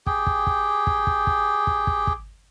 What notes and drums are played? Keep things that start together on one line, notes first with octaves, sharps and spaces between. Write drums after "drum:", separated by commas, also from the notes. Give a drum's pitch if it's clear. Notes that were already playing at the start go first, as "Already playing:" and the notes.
G4 G#4 G5, drum: kick
drum: kick
drum: kick
drum: kick
drum: kick
drum: kick
drum: kick
drum: kick
drum: kick